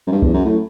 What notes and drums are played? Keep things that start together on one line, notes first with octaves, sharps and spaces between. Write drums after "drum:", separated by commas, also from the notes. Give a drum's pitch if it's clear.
F#2
G2
E2, drum: kick
F#2
A2